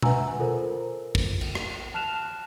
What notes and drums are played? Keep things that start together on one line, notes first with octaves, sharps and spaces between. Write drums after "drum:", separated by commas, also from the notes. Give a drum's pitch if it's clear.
B4 E5 F#5 G#5 A#5 E6, drum: tom B2
F4 A4 A#4 C5
drum: kick
drum: cymbal
drum: rim click
A5 F6 F#6 E7 F7